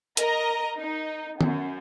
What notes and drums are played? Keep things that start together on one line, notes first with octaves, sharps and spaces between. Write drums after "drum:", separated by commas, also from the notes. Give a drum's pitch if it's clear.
A#4 D#5 A#5, drum: hi-hat
D#4
F#2, drum: tom D#3